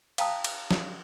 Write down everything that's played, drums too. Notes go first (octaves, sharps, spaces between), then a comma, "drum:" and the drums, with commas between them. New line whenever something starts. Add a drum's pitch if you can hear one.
F5 G5 A5 A#5 D#6, drum: cymbal
drum: cymbal
drum: snare